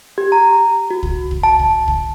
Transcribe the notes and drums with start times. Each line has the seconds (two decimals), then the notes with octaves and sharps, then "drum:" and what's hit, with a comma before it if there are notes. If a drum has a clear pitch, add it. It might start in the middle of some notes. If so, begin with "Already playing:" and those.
0.18 G4
0.32 A#5
0.90 F#4
1.03 drum: kick
1.31 drum: kick
1.43 A5
1.59 drum: kick
1.88 drum: kick